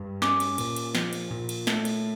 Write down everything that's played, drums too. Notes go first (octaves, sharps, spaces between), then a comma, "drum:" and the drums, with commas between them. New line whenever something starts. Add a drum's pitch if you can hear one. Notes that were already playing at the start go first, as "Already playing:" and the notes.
Already playing: G2
C#4 D6, drum: snare
drum: cymbal
A#2, drum: cymbal
drum: cymbal
F3, drum: snare
drum: cymbal
A#2
drum: cymbal
A3, drum: snare
drum: cymbal